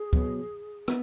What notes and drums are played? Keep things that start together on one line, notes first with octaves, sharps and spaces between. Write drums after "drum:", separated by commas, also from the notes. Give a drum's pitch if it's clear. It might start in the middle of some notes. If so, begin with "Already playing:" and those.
Already playing: G#4
B2 F#3 B3, drum: kick
B3, drum: rim click